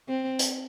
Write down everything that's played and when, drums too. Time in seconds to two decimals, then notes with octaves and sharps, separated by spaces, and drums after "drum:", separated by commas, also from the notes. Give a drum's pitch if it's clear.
0.08 C4
0.39 drum: hi-hat